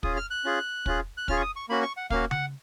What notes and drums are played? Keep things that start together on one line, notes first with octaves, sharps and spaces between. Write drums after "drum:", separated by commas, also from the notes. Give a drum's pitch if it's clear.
C#4 F4 G#4 D#6, drum: kick
F6
F#6
C#4 F4 G#4
C#4 F4 G#4, drum: kick
F#6
C#4 F4 G#4 F6, drum: kick
C#6
D#6
C#6
A#3 C#4 F#4 B5
C#6
F#5
A#3 C#4 F#4 F5, drum: kick
F#5, drum: tom C#3